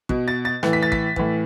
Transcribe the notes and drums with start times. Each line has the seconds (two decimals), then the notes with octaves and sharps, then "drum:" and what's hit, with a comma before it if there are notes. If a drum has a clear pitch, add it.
0.09 B2, drum: kick
0.28 A6
0.45 A6
0.63 A2 E3, drum: rim click
0.73 B6
0.83 A6
0.92 B6, drum: kick
1.16 A2 E3, drum: kick